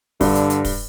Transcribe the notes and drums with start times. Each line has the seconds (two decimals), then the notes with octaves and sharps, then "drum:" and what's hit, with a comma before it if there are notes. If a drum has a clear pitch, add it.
0.21 G2 D3, drum: kick, open hi-hat
0.35 drum: hi-hat
0.50 drum: hi-hat
0.65 drum: kick, open hi-hat